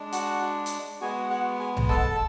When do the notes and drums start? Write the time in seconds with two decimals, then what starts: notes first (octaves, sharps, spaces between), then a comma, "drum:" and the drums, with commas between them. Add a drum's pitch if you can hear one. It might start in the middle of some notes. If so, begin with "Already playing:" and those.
Already playing: G#3 D4
0.12 F#4 F#5, drum: hi-hat
0.66 drum: hi-hat
1.01 G#3 B3 F#4 G#4 G#5
1.30 F#4 F#5
1.60 G#4 G#5
1.77 drum: tom B1
1.89 A4 A5, drum: kick